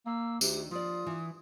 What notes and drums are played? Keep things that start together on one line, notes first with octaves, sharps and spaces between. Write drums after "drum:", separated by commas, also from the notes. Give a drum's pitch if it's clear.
A#3 E6
D2 D#3 D4 G4, drum: tambourine
F3 F4 D5 D#6
E3